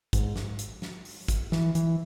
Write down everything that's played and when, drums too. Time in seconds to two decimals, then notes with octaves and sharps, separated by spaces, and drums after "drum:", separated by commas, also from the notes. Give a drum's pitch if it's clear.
0.13 G#2, drum: kick, hi-hat
0.36 drum: snare
0.59 drum: hi-hat
0.82 drum: snare
1.05 drum: open hi-hat
1.28 drum: kick, hi-hat
1.52 E3, drum: snare
1.75 E3, drum: hi-hat